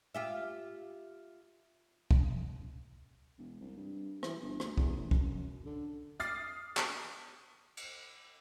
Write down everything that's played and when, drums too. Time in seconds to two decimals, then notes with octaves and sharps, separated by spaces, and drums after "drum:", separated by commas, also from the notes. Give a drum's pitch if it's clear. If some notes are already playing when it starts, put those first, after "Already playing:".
0.14 F4 G4 E5
2.11 drum: kick
3.38 E1
3.60 C2
3.77 G2
4.23 E3, drum: rim click
4.43 G1
4.60 D2, drum: rim click
4.77 E2, drum: kick
4.95 A1
5.11 F#2, drum: kick
5.65 D3
6.20 D6 D#6 F6 A6 C7, drum: hi-hat
6.77 drum: clap
7.77 drum: cymbal